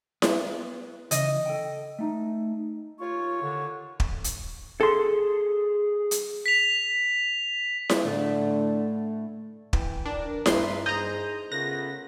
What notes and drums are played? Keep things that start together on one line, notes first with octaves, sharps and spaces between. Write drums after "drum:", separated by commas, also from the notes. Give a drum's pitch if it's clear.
B3, drum: snare E4
C#3 E3 D#5, drum: hi-hat
A4 G5
A3 D#4
D#2 F4 C#5 C#6
D3
drum: kick
drum: hi-hat
G#4 A4 C6
drum: hi-hat
B6 F7
drum: snare E4
A2 D3 A3
E3 G5, drum: kick
D4 A#4
A1 G2 D#4 E4 B4 C6, drum: snare E4
G#4 C5 D#5 A#5 G6
C#3 A3 B3 F4 A#4 F#6 A#6